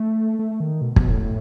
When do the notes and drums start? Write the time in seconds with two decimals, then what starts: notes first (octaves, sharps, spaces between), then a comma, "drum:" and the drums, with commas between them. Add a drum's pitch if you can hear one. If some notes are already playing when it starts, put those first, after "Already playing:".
Already playing: A3
0.39 A3
0.60 D#3
0.82 B2
0.96 B2, drum: kick
1.10 A2
1.25 A2